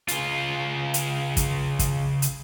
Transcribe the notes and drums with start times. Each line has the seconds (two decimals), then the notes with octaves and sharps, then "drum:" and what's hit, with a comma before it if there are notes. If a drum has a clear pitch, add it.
0.08 C#3 F4, drum: hi-hat
0.94 drum: hi-hat
1.37 drum: kick, hi-hat
1.79 drum: kick, hi-hat
2.22 drum: hi-hat